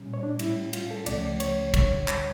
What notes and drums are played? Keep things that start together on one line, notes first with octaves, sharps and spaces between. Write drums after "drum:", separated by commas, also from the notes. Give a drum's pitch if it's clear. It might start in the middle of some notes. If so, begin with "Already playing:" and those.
Already playing: A#2 G3 C#4
C#5
D4
A2 G3 C#4 E4, drum: cymbal
F4, drum: cymbal
A4
C#2 C#3 F3 A3 C#4 D5, drum: cymbal
C#5, drum: cymbal
D2 D3 G3 C#5, drum: kick, cymbal
C#5, drum: clap